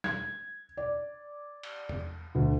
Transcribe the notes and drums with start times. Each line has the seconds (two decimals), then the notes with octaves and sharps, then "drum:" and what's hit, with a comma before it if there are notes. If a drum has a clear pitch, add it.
0.04 G#6, drum: snare
0.77 D5
1.63 drum: cymbal
1.89 drum: tom E2
2.35 D2